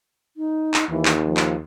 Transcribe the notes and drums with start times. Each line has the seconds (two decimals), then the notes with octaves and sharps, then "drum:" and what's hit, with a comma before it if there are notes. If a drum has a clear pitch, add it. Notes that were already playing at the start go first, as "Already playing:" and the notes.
0.37 D#4
0.74 drum: clap
0.90 D#2 E3
1.05 drum: clap
1.25 F3
1.37 drum: clap